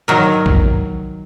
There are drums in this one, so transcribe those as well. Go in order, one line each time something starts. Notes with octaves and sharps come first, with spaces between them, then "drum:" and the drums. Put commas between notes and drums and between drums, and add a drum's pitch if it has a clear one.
D#3 F#3 A#4
drum: kick A#1